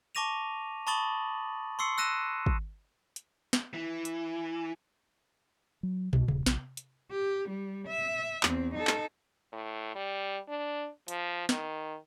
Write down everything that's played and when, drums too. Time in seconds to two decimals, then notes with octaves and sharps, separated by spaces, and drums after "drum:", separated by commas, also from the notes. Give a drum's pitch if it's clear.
0.15 A5 C#6 D6 A#6 D#7 F7
0.87 A5 B5 C#6 D#6 A6 F#7
1.79 C6 C#6 E6 C7 C#7
1.98 E6 F#6 A#6 D#7 E7
2.46 drum: kick
3.16 drum: hi-hat
3.53 drum: snare
3.74 E3
4.05 drum: hi-hat
5.83 F#3
6.13 C2, drum: tom
6.28 D#1, drum: tom C3
6.46 A#1, drum: snare
6.77 drum: hi-hat
7.11 G4
7.49 G3
7.88 E5
8.43 E2 C4, drum: clap
8.74 D#4 A4
8.87 drum: clap
9.52 A2
9.95 G3
10.48 D4
11.08 F3, drum: hi-hat
11.49 D#3, drum: snare